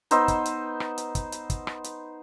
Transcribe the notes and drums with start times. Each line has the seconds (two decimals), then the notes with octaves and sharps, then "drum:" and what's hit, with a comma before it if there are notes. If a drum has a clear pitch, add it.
0.11 B3 D#4 C5 E6, drum: hi-hat
0.28 drum: kick, hi-hat
0.45 drum: hi-hat
0.80 drum: rim click
0.98 drum: hi-hat
1.15 drum: kick, hi-hat
1.32 drum: hi-hat
1.50 drum: kick, hi-hat
1.67 drum: rim click
1.84 drum: hi-hat